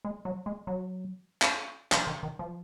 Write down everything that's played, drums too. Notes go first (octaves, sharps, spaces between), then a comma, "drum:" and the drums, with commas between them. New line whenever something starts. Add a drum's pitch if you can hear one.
G#3
F#3
G#3
F#3
drum: clap
F3, drum: clap
D#3
D#3
F3